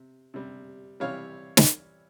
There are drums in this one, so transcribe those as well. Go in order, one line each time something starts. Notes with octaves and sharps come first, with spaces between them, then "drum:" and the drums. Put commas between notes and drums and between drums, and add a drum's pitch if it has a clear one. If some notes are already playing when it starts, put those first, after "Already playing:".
Already playing: C3
C3 G3
C3 E3 G3 C#5 F5
drum: snare